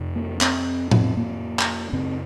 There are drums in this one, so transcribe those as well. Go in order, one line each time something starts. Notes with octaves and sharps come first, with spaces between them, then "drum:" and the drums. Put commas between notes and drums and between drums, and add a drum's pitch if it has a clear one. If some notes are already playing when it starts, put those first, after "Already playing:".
Already playing: F2 C3
A#3
C4, drum: clap
F2 C3 C4, drum: tom A2
A#3
drum: clap
F#2 C#3 C4